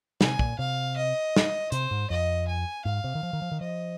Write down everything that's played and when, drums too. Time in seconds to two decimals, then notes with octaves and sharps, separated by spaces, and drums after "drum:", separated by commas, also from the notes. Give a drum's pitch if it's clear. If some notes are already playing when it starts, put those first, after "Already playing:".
0.21 C3 G#5, drum: snare
0.39 A#2, drum: kick
0.59 C3 F5
0.97 D#5
1.36 drum: snare
1.72 C3 C5, drum: hi-hat
1.91 G#2
2.10 F2 D#5
2.48 G#5
2.85 G#2 F5
3.04 C3
3.15 D#3
3.23 F3
3.33 D#3
3.42 F3
3.52 D#3
3.61 F3 D#5